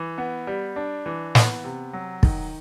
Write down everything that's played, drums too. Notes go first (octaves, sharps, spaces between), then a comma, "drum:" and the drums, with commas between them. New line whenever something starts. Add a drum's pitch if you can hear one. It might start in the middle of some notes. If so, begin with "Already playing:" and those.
Already playing: E3
B3
G3
D4
E3
B3, drum: snare
C3
F#3
D#3, drum: kick